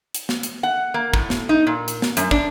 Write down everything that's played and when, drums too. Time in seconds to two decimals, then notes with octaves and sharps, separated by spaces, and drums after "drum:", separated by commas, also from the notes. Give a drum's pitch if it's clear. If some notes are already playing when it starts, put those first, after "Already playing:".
0.14 drum: hi-hat
0.29 drum: snare
0.43 drum: hi-hat
0.63 F#5
0.94 A#3
1.14 A2, drum: kick
1.30 drum: snare
1.49 D#4
1.67 A#2
1.88 drum: hi-hat
2.02 drum: snare
2.17 F#2, drum: hi-hat
2.31 D4, drum: kick